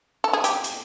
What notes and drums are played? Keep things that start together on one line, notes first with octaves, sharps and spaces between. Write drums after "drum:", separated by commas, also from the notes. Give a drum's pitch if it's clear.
A4
G#4
G4, drum: hi-hat
drum: hi-hat